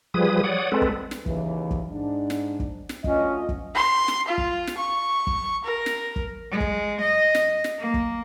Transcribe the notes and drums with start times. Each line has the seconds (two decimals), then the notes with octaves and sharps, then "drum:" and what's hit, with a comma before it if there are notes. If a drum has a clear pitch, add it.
0.14 F3 G3 G#4 B4 D#6
0.44 C#5 D5 F#5 D#6
0.72 G#3 C4 A4 B4
0.82 drum: kick
1.11 drum: snare
1.26 D#2 C#3 E3, drum: kick
1.71 drum: kick
1.91 G#2 D4
2.30 drum: snare
2.60 drum: kick
2.89 drum: snare
3.04 D2 C#4 F4 D#5, drum: kick
3.49 drum: kick
3.75 C6
4.08 drum: snare
4.28 F4
4.38 drum: kick
4.67 drum: snare
4.78 C#6
5.27 drum: kick
5.65 A#4
5.86 drum: snare
6.16 drum: kick
6.51 G#3
6.60 drum: kick
7.01 D#5
7.35 drum: snare
7.64 drum: snare
7.78 A#3
7.94 drum: kick